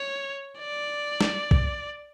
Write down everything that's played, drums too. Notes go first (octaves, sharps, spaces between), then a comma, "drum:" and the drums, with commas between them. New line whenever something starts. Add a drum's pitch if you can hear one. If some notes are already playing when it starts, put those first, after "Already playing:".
Already playing: C#5
D5
drum: snare
drum: kick